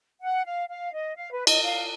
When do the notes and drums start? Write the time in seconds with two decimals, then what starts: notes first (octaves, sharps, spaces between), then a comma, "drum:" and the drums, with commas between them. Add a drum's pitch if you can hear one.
0.22 F#5
0.45 F5
0.68 F5
0.92 D#5
1.16 F5
1.32 B4
1.47 D#5, drum: cymbal
1.63 F5